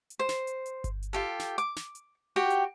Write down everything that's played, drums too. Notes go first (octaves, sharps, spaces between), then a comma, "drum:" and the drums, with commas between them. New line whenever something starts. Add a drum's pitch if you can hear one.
drum: hi-hat
C5
drum: snare
drum: hi-hat
drum: hi-hat
drum: kick G1, hi-hat
drum: hi-hat
F4 G4 A4
drum: snare
D6, drum: hi-hat
drum: snare
drum: hi-hat
F#4 G4 G5
drum: hi-hat